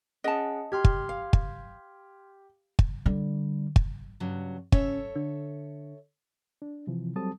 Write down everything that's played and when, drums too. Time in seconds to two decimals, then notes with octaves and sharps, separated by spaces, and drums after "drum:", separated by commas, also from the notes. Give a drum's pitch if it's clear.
0.24 C#4 G#4 D#5 F#5 A5
0.72 G4 C6 F6 G#6
0.84 drum: kick
1.09 F5
1.33 drum: kick
2.79 drum: kick
3.06 D3 G3
3.76 drum: kick
4.20 G2 C#3 F#3
4.72 C#4 A4 C#5 E5, drum: kick
5.16 D3
6.62 D4
6.87 C3 E3 F3
7.16 F#3 G3 C4 A4 A5 D#6